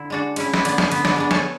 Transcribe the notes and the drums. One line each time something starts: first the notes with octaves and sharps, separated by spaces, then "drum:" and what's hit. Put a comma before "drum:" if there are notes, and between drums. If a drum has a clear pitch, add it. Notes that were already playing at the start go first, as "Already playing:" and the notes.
Already playing: D3 E4
G#3 D4 F#4
G#3 C#4 E4, drum: cymbal
E4, drum: snare
D3 B3 D4, drum: cymbal
drum: snare
D3 B3, drum: cymbal
B3 D4, drum: snare
G#3 B3 D4
A4 C#5, drum: snare